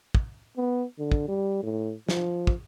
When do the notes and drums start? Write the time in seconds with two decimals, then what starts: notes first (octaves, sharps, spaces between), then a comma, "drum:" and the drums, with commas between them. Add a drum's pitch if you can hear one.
0.15 drum: kick
0.57 B3
0.99 D3
1.12 drum: kick
1.28 G3
1.63 A2
2.09 F3, drum: snare
2.47 drum: kick